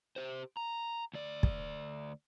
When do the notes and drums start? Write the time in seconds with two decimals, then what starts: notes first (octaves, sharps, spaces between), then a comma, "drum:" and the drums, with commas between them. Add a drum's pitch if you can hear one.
0.16 G4 C5
0.57 A#5
1.14 D2 D5
1.43 drum: kick